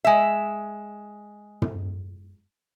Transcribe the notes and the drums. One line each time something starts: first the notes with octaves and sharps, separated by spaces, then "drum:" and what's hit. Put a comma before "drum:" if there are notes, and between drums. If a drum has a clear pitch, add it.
G#3 E5
drum: tom